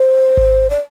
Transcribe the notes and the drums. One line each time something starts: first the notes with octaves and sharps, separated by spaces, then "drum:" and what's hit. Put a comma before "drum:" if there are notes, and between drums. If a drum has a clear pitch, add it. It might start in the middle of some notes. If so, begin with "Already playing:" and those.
Already playing: C5
drum: kick G#1
D5